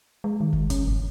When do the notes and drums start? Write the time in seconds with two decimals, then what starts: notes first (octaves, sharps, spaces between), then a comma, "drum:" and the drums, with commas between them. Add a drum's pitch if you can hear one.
0.24 G#3
0.40 D#3
0.53 drum: kick
0.70 C#4, drum: kick, hi-hat
0.87 G#1